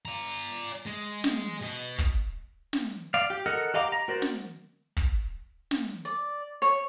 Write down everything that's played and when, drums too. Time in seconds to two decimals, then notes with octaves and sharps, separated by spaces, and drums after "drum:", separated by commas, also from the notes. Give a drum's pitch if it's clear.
0.05 D5 A#5
0.86 G#3
1.24 drum: snare
1.61 B2 D#5
1.98 drum: kick
2.73 drum: snare
3.14 D5 F5
3.30 G4
3.46 A4 A#4 D#5 F#5 F6
3.74 G4 D#5 F5 A#5 D6
3.92 A#5
4.08 F#4 A#4 C5 D5
4.22 drum: snare
4.97 drum: kick
5.71 drum: snare
6.05 D5
6.62 C#5